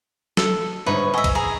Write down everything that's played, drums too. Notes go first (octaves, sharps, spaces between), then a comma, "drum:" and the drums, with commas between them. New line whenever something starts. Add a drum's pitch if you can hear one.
A4, drum: snare
G1 G#2 D#4 B4 C#5 C#6
D#5 E5 G#5 C#6
drum: kick, cymbal
G#4 A#5 D#6